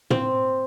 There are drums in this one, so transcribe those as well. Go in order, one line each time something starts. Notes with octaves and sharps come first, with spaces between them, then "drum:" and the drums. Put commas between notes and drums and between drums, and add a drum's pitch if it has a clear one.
C4, drum: tom